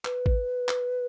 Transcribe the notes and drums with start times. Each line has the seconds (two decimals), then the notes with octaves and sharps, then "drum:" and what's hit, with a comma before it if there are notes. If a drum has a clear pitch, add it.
0.05 B4, drum: clap
0.26 drum: kick G#1
0.68 drum: clap